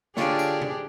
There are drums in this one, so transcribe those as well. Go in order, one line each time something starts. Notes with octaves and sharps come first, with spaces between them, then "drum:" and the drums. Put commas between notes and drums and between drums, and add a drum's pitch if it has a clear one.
D3 D4 F4 G4 G#4 C#5, drum: snare A#3
drum: tambourine
drum: tom B2